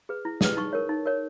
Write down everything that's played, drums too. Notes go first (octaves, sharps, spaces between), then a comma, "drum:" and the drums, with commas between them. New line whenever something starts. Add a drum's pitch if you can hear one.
G#4 B4
E4
G#4 B4, drum: snare
D#4 C#6
A#4 C#5
D#4
A#4 C#5